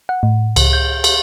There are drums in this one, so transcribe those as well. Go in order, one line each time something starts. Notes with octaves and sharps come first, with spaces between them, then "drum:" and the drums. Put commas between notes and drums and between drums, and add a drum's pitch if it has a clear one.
F#5
A2
C#2, drum: cymbal
G6
drum: cymbal